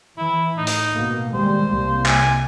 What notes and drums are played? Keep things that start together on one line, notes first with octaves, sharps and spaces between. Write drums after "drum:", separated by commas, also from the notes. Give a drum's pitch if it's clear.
E3 E4
A2 D#4
drum: hi-hat
B2 A#3
D#3 G3 G#3 C5
C2 A#3
G#5, drum: clap